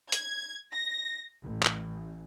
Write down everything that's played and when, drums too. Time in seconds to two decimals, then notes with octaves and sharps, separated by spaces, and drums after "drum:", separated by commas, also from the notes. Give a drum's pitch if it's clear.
0.12 G#6, drum: hi-hat
0.72 A#6
1.43 A1
1.63 drum: clap